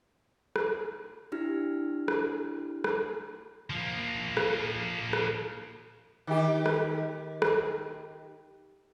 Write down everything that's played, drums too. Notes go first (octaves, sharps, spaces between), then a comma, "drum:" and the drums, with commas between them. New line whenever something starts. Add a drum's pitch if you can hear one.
drum: rim click
D4 E4 G4 F6
drum: rim click
drum: rim click
F3 A#3
drum: rim click
drum: rim click
D#3 G4
drum: rim click
drum: rim click